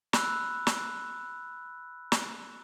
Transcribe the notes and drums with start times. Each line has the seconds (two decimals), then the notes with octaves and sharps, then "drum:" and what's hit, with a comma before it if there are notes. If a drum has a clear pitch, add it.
0.13 B5 E6 F#6, drum: snare
0.67 drum: snare
2.12 drum: snare